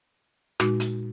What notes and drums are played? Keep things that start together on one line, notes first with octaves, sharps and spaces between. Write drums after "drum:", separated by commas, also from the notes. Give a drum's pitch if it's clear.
A#2 G#3 D#4 F#4, drum: rim click
drum: hi-hat